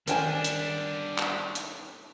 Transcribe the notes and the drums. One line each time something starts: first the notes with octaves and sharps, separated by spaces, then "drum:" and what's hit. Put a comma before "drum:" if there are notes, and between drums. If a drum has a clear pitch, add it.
D#3 G3 B3 D4 A#4 G5 G#5, drum: hi-hat
drum: hi-hat
drum: clap
drum: hi-hat